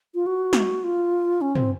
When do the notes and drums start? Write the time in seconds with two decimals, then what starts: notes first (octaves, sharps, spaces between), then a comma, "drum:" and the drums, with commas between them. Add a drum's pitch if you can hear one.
0.15 F4
0.26 F#4
0.53 drum: snare
0.84 F4
1.41 C#4
1.55 C4, drum: tom